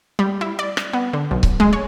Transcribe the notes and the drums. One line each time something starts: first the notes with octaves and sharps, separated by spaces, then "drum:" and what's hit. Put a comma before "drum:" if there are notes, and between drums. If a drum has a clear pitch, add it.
G3
E4
D5
drum: rim click
B3
D3
B1
drum: kick C#1
G#3
C#5